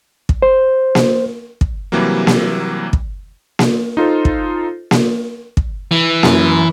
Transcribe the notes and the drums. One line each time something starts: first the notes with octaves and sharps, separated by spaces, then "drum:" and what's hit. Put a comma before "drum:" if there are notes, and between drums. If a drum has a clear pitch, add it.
drum: kick
C5
drum: snare A#3
drum: kick
C3 E3 F#3 G3 A#3
drum: snare A#3
drum: kick
drum: snare A#3
D#4 F4 A4 C5
drum: kick
drum: snare A#3
drum: kick
E3
F#2, drum: snare A#3